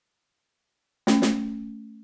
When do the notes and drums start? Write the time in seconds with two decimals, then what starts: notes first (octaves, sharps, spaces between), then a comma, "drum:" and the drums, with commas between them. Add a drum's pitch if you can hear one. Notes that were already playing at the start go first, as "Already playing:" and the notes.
1.07 A3 C#4, drum: snare
1.22 drum: snare